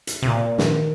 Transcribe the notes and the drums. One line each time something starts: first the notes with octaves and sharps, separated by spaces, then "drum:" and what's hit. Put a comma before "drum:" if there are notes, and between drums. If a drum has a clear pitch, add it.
drum: hi-hat
C3
A#2
D#3, drum: snare